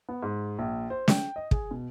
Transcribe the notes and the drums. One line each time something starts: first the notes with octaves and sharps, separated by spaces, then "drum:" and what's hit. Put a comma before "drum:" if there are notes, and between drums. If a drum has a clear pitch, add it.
B3
G#2
A#1
C5
G5, drum: snare
D#5
G#4, drum: kick
B2